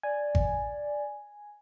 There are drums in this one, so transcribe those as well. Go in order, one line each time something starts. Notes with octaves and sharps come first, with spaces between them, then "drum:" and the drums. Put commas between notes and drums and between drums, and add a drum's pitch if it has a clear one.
D5 G#5
drum: kick G#1